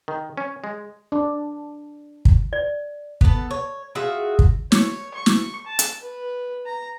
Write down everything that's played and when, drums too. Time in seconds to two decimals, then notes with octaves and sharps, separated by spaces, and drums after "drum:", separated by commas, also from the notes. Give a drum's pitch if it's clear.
0.08 D#3
0.37 C#4
0.64 G#3
1.12 D4
2.25 drum: kick
2.53 D5
3.21 B3 A4, drum: kick
3.51 C#5
3.95 F4 F#4 G#4 E5
4.39 drum: kick
4.72 C#5, drum: snare
5.14 C#6
5.26 drum: snare
5.66 A5
5.79 drum: hi-hat
6.02 B4
6.66 A#5